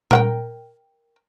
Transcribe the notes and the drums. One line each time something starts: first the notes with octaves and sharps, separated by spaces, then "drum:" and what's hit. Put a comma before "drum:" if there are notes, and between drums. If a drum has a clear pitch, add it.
A#4 F#5 G5, drum: tom A#2